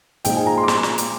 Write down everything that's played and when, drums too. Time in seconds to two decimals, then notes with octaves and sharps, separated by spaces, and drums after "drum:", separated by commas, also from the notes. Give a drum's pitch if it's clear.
0.25 A#2 F3 G#3 D#4 G5, drum: hi-hat
0.36 G#5
0.47 A#5
0.58 C6
0.63 D6
0.68 C6, drum: snare
0.83 drum: snare
0.98 drum: hi-hat